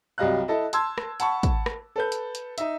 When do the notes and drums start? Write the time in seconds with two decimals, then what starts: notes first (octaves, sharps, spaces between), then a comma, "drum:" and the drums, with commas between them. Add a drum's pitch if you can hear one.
0.18 C2 F#3 G3 D#5 F5 F#6
0.48 E4 A4 D#5
0.73 A5 C6 E6 G#6, drum: hi-hat
0.98 drum: rim click
1.20 F#5 A5 B5 C#6, drum: hi-hat
1.43 drum: kick, hi-hat
1.66 drum: rim click
1.96 A4 B4 G6
2.12 drum: hi-hat
2.35 drum: hi-hat
2.58 D#4 E5, drum: hi-hat